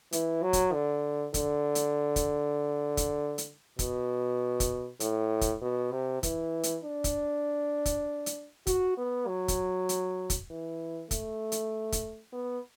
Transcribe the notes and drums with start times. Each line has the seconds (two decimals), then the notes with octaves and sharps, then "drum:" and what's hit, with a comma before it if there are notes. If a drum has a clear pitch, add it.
0.12 E3, drum: hi-hat
0.43 F#3
0.53 drum: kick, hi-hat
0.73 D3
1.34 D3, drum: kick, hi-hat
1.75 drum: hi-hat
2.16 drum: kick, hi-hat
2.97 drum: kick, hi-hat
3.38 drum: hi-hat
3.79 B2, drum: kick, hi-hat
4.60 drum: kick, hi-hat
5.00 A2, drum: hi-hat
5.41 drum: kick, hi-hat
5.61 B2
5.92 C3
6.23 E3, drum: kick, hi-hat
6.63 drum: hi-hat
6.84 D4
7.04 drum: kick, hi-hat
7.86 drum: kick, hi-hat
8.26 drum: hi-hat
8.67 F#4, drum: kick, hi-hat
8.98 B3
9.27 F#3
9.48 drum: kick, hi-hat
9.89 drum: hi-hat
10.30 drum: kick, hi-hat
10.51 E3
11.11 A3, drum: kick, hi-hat
11.52 drum: hi-hat
11.92 drum: kick, hi-hat
12.33 B3